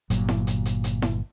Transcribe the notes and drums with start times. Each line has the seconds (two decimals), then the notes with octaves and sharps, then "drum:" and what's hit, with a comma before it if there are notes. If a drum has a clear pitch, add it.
0.10 G1 A#2 F#3, drum: hi-hat
0.29 drum: snare E4
0.47 drum: hi-hat
0.65 drum: hi-hat
0.84 drum: hi-hat
1.02 drum: snare E4